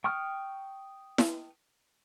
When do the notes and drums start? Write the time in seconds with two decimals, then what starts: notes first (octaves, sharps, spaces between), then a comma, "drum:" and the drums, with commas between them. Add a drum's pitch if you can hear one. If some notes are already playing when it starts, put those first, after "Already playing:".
0.04 G5 C#6 D#6 F6
1.18 drum: snare E4